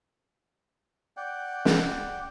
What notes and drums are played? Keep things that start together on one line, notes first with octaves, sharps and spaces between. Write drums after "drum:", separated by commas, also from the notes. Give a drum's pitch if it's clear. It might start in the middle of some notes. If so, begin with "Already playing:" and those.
D5 F#5 G5
drum: snare